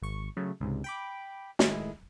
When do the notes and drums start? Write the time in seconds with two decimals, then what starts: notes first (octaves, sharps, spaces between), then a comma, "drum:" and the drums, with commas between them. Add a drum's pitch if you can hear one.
0.02 G#1 C#6
0.37 C#3 F#3 A3
0.60 C#2 G#2 C3
0.84 G5 B5 D6
1.59 A2 D#3 G#3 E4 G#4, drum: snare